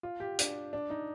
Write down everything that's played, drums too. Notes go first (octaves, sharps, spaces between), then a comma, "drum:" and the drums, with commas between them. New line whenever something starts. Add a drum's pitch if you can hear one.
F4
G4
D4, drum: hi-hat
D4
D#4